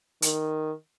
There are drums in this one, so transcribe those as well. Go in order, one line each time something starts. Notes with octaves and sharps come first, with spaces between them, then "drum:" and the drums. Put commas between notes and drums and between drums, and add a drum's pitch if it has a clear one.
D#3, drum: hi-hat